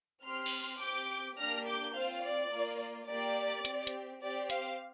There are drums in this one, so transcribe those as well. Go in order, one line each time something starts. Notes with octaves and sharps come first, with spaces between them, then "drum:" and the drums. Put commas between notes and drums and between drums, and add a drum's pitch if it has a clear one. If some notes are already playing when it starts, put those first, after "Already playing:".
C4 G4 C6 F6
drum: cymbal
C4 G4 D6 G6
A#3 D4 G4 F6 A#6
D6 G6
C4 F4 C5 F5
D5
A#3 F4
A#3 G4 D5
C4 G4, drum: hi-hat
drum: hi-hat
C4 G4 D5
C5 F5, drum: hi-hat